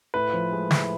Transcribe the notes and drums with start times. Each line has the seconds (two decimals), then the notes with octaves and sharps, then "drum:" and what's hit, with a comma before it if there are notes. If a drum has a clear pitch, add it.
0.14 A2 B4
0.33 F3
0.52 G#3
0.71 A2, drum: snare